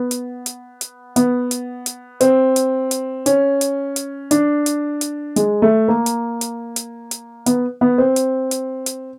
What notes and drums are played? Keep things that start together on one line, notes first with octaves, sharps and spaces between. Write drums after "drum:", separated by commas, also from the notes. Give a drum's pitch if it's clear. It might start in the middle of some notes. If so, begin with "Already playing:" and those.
Already playing: B3
drum: hi-hat
drum: hi-hat
drum: hi-hat
B3, drum: hi-hat
drum: hi-hat
drum: hi-hat
C4, drum: hi-hat
drum: hi-hat
drum: hi-hat
C#4, drum: hi-hat
drum: hi-hat
drum: hi-hat
D4, drum: hi-hat
drum: hi-hat
drum: hi-hat
G#3, drum: hi-hat
A3
A#3
drum: hi-hat
drum: hi-hat
drum: hi-hat
drum: hi-hat
B3, drum: hi-hat
B3
C4
drum: hi-hat
drum: hi-hat
drum: hi-hat